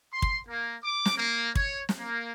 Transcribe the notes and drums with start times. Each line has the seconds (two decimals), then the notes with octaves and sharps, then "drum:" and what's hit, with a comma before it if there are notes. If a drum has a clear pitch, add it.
0.13 C6
0.22 drum: kick
0.48 A#3
0.83 D6
1.06 drum: snare
1.18 A#3
1.55 C#5, drum: kick
1.89 drum: snare
1.98 A#3